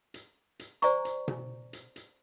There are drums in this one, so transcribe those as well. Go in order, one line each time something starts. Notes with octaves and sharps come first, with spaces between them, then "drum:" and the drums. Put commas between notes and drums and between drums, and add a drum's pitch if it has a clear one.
drum: hi-hat
drum: hi-hat
C5 D5 G#5 A#5 C#6, drum: hi-hat
drum: hi-hat
drum: tom B2
drum: hi-hat
drum: hi-hat